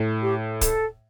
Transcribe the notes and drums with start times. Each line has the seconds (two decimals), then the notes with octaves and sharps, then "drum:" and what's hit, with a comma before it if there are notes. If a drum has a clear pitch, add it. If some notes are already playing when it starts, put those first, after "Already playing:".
Already playing: A2
0.22 G4
0.61 A4, drum: kick, hi-hat